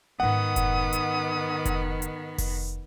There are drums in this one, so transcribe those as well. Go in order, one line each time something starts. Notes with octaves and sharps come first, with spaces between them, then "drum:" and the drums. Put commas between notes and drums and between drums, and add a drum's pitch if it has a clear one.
G#2 D#3 B3 C#4 F#5 D#6
drum: kick F1, hi-hat
drum: hi-hat
drum: kick F1, hi-hat
drum: hi-hat
drum: kick F1, open hi-hat